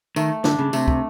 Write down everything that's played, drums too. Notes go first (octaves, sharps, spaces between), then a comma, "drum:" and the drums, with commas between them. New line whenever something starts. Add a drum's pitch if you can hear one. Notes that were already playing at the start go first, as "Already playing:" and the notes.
D#3 A3, drum: tambourine
D3 D4, drum: snare
C#3
C3 A3, drum: tambourine
drum: kick